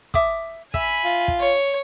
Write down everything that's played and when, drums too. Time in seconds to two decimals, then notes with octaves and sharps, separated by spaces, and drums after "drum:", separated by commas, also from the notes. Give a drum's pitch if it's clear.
0.14 E5 D6 D#6, drum: kick
0.74 E5 G#5 B5, drum: kick
1.04 F4
1.28 drum: kick
1.40 C#5